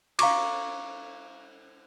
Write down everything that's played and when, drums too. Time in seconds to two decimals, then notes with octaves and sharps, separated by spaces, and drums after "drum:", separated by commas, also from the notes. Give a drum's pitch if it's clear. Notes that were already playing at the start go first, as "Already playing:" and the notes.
0.19 F5 A#5 C#6 D6, drum: cymbal